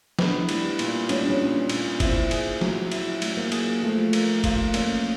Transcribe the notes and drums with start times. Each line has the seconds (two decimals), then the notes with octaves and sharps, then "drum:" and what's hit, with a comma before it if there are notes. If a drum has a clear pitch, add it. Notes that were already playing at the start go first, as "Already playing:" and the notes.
0.19 B3 D4, drum: snare
0.41 E4
0.49 G3, drum: cymbal
0.79 A#2, drum: cymbal
1.09 G3 C#4, drum: cymbal
1.20 D4
1.30 C#4
1.40 A#2
1.69 A#2, drum: cymbal
2.00 C4 E4, drum: kick, cymbal
2.31 G#4, drum: cymbal
2.61 F#3, drum: snare
2.92 E4, drum: cymbal
3.22 F#3, drum: cymbal
3.37 A#3
3.52 G#4, drum: cymbal
3.82 F3 A3
4.13 A#3, drum: cymbal
4.44 F4, drum: kick, cymbal
4.74 A#3 C#4, drum: cymbal